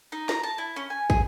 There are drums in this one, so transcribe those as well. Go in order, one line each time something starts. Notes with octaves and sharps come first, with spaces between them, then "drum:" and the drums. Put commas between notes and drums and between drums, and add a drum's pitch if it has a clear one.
D#4
A#5, drum: snare
A5
E4
C#4
G#5
G#4, drum: kick